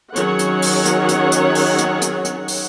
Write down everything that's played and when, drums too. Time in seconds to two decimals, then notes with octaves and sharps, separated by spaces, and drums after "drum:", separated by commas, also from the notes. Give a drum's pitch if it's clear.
0.16 D#3 F#3 C#4 G#4 C#5 F#5, drum: hi-hat
0.39 drum: hi-hat
0.62 drum: open hi-hat
0.85 drum: hi-hat
1.09 drum: hi-hat
1.32 drum: hi-hat
1.55 drum: open hi-hat
1.78 drum: hi-hat
2.02 drum: hi-hat
2.25 drum: hi-hat
2.48 drum: open hi-hat